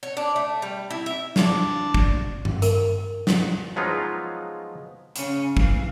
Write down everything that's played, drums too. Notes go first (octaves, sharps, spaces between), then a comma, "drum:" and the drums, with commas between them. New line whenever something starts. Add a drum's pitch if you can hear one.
C#5
D4
A3
G3
E4
E5
D4, drum: snare
drum: kick
drum: tom G2
A#4, drum: hi-hat
drum: snare
F3 F#3 G#3 B3 D#4 F4
C#3 C#4, drum: hi-hat
E3 F5, drum: kick